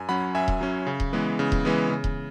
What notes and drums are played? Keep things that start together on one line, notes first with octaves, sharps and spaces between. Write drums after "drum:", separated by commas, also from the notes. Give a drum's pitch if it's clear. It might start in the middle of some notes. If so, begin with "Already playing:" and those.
Already playing: F#2 G#5
F#3 C#4 F#5 B5
F#2 E5 G#5
drum: kick D#1
F#3 C#4
C#3
drum: kick D#1
E3 G#3 B3
C#3
drum: kick D#1
E3 G#3 B3
C#3
drum: kick D#1